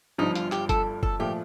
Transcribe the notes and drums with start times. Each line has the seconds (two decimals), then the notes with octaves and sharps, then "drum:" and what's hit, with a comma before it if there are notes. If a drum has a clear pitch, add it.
0.18 G1 G2 F3 D#4
0.35 F4, drum: hi-hat
0.52 G4, drum: clap
0.69 A4, drum: kick F#1, hi-hat
1.03 A4, drum: kick F#1
1.20 A#2 F3 A3 G4